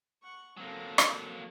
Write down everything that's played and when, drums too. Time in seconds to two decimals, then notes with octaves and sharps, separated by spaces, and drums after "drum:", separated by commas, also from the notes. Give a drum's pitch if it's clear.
0.22 F#5 C#6
0.57 F#3 A#3 C4 A4
0.98 drum: rim click